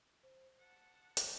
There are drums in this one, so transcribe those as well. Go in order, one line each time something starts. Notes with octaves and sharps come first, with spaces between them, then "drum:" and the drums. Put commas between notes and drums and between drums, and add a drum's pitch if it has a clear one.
C5
F#5 A5
drum: hi-hat